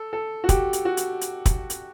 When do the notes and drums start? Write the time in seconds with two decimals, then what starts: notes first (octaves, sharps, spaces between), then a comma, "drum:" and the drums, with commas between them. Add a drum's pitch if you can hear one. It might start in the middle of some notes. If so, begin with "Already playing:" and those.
Already playing: A4
0.13 A4
0.44 F#4
0.49 G4, drum: kick, hi-hat
0.73 drum: hi-hat
0.85 F#4
0.97 drum: hi-hat
1.21 drum: hi-hat
1.46 drum: kick, hi-hat
1.70 drum: hi-hat